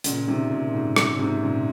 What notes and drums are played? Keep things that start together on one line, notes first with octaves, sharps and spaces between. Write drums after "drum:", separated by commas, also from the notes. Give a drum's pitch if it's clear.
A#2 C#3, drum: hi-hat
C3 D#3
A#2
G#2
drum: rim click
G#2 C3
A#2 C#3